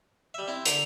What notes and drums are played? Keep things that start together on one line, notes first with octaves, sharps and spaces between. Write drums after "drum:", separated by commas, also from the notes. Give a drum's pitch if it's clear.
G3 E5
C4 E4
D3 A#5 F7, drum: hi-hat